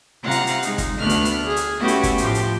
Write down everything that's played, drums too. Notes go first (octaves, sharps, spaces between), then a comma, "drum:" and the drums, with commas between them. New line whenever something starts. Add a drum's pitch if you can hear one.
C3 F4 F5 F#5 A#5
drum: hi-hat
drum: hi-hat
G#3 D#4, drum: hi-hat
drum: kick, hi-hat
D2 A3 B3 D4 F6 F#6
drum: hi-hat
drum: hi-hat
G#4
drum: hi-hat
A3 B3 C#4 E4 F#4 G4
drum: hi-hat
drum: kick, hi-hat
A2 F3 G4, drum: hi-hat
drum: hi-hat